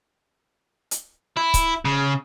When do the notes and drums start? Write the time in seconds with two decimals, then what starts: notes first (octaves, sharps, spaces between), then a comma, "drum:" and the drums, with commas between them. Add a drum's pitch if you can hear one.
0.91 drum: hi-hat
1.37 E4
1.54 drum: kick C#1, hi-hat
1.85 C#3